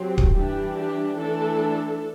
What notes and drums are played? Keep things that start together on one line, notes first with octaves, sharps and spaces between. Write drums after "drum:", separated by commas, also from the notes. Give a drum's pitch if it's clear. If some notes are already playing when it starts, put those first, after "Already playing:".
Already playing: F#3 C4 G4
drum: kick D1
E3 G3 D4 G4
G4
E3 A3 D4 A4